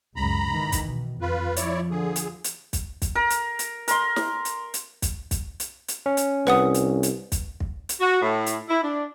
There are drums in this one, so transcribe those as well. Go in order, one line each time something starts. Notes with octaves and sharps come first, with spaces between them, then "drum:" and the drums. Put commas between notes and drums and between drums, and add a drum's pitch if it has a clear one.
C#2 F#2 A2 A#5 B5
G#2 D#3 E3
drum: kick, hi-hat
B2
F2 F4 B4
F3 E4 C#5 D5, drum: hi-hat
D3 G#4
drum: hi-hat
drum: hi-hat
drum: kick, hi-hat
drum: kick, hi-hat
A#4
drum: hi-hat
drum: hi-hat
A#4 C6, drum: hi-hat
drum: snare
drum: hi-hat
drum: hi-hat
drum: kick, hi-hat
drum: kick, hi-hat
drum: hi-hat
drum: hi-hat
C#4
drum: hi-hat
C2 B4 F#5 D#6, drum: snare
drum: hi-hat
drum: hi-hat
drum: kick, hi-hat
drum: kick
drum: hi-hat
F#4
A2
drum: hi-hat
E4
D4